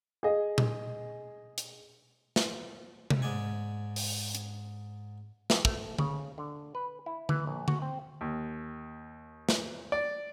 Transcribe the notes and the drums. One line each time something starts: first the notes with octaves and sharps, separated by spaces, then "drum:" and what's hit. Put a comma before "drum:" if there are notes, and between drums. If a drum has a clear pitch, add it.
G#4 D#5
drum: tom A#2
drum: hi-hat
drum: snare
drum: tom C3
G#2 G#3 D5 G#5
drum: open hi-hat
drum: hi-hat
F2, drum: snare
A3, drum: kick
C#3, drum: tom D3
D3
B4
E4
E3, drum: tom D3
A#1
F#4, drum: tom D3
C4
D#2
drum: snare
D5